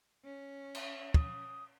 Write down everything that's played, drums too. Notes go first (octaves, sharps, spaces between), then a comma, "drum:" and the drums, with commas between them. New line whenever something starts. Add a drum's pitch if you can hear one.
C#4
E5, drum: cymbal
D#6, drum: kick